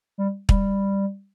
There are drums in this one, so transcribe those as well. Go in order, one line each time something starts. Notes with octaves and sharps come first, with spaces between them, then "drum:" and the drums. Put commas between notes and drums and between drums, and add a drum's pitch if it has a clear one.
G3
G3, drum: kick